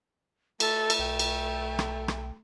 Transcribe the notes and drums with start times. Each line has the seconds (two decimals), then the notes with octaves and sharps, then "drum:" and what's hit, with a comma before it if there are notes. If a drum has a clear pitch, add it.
0.60 A3 A4, drum: cymbal
0.90 drum: cymbal
0.99 B1 G5
1.19 drum: cymbal
1.79 drum: rim click
2.08 drum: rim click